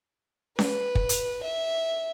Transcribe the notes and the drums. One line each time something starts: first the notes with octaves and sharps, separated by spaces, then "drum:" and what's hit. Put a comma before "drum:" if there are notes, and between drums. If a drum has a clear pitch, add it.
B4, drum: snare C#4
drum: kick
drum: hi-hat
E5